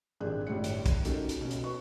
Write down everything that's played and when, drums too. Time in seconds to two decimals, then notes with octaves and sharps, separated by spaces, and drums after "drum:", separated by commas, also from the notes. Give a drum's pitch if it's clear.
0.20 G#1 A#2 D4 G4 G#4 F#6
0.47 G1 A2 G3 G#3 D5 C#7
0.64 drum: hi-hat
0.86 drum: kick, hi-hat
1.05 A#3 C#4 D#4 F#4 G4 A4, drum: hi-hat
1.29 drum: hi-hat
1.41 B2 C#4
1.51 drum: hi-hat
1.63 B4 C#6